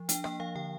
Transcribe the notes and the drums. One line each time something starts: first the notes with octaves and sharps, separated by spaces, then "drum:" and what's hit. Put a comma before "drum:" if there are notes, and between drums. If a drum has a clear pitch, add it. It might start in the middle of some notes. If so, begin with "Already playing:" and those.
Already playing: F3
D4 G5, drum: hi-hat
A#3 G5, drum: rim click
F3 F5
D3 G5